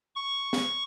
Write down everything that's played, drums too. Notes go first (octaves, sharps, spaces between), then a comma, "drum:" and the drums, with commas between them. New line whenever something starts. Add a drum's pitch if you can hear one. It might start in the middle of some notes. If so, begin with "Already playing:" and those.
C#6
drum: snare